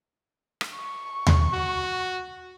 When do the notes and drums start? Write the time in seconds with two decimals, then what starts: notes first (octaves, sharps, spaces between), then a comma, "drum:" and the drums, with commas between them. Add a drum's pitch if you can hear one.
0.61 drum: rim click
0.75 C#6
1.27 drum: tom D#2
1.53 F#4